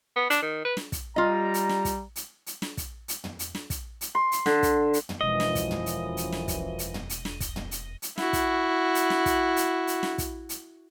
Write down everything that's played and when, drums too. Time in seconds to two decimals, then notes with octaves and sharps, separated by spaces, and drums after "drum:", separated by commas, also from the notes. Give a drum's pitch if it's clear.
0.16 B3
0.30 D4, drum: hi-hat
0.42 D#3
0.65 B4
0.77 drum: snare
0.92 drum: kick, hi-hat
1.16 G3 F4 D#5 A#5
1.54 drum: hi-hat
1.69 drum: snare
1.85 drum: kick, hi-hat
2.16 drum: hi-hat
2.47 drum: hi-hat
2.62 drum: snare
2.77 drum: kick, hi-hat
3.08 drum: hi-hat
3.24 drum: tom
3.39 drum: hi-hat
3.55 drum: snare
3.70 drum: kick, hi-hat
4.01 drum: hi-hat
4.15 C6
4.32 drum: hi-hat
4.46 D3, drum: snare
4.63 drum: kick, hi-hat
4.93 drum: hi-hat
5.09 drum: tom
5.21 E1 F#2 E3 F3 D#5
5.40 drum: snare
5.55 drum: kick, hi-hat
5.71 drum: tom
5.86 drum: hi-hat
6.17 drum: hi-hat
6.32 drum: snare
6.48 drum: kick, hi-hat
6.79 drum: hi-hat
6.94 drum: tom
7.10 drum: hi-hat
7.25 drum: snare
7.40 drum: kick, hi-hat
7.56 drum: tom
7.71 drum: hi-hat
8.02 drum: hi-hat
8.18 E4 F#4, drum: snare
8.33 drum: kick, hi-hat
8.95 drum: hi-hat
9.10 drum: snare
9.26 drum: kick, hi-hat
9.57 drum: hi-hat
9.87 drum: hi-hat
10.03 drum: snare
10.18 drum: kick, hi-hat
10.49 drum: hi-hat